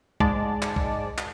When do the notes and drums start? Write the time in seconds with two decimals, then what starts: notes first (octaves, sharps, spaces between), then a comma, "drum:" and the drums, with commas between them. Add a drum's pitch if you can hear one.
0.20 G#2 G#3 D5 A5, drum: kick B1
0.62 drum: clap
0.76 drum: kick B1
1.18 drum: clap